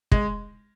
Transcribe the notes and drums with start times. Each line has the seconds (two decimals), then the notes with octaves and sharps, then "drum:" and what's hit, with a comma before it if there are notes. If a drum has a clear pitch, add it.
0.12 G#3, drum: kick